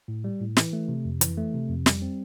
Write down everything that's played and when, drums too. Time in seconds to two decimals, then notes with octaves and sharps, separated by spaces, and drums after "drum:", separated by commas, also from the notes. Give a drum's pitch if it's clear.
0.08 A2
0.24 G3
0.40 A2
0.57 E3, drum: snare
0.73 A3
0.88 C3
1.05 F2
1.21 E3, drum: hi-hat
1.38 A3
1.54 C3
1.70 F2
1.86 G3, drum: snare
2.02 C4